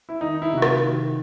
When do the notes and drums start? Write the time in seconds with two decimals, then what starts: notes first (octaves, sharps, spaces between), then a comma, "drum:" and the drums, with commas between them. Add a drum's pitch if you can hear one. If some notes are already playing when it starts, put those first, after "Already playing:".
0.09 E4
0.20 D#3 D#4
0.37 D#4
0.42 E4
0.52 C3 F#4
0.62 F4, drum: rim click
0.83 D#3